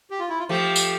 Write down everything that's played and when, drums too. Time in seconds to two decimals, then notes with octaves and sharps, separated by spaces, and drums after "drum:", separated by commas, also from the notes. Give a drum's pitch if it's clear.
0.10 G4
0.20 F4
0.29 E4
0.39 F4
0.49 F3 A3 G4
0.76 drum: tambourine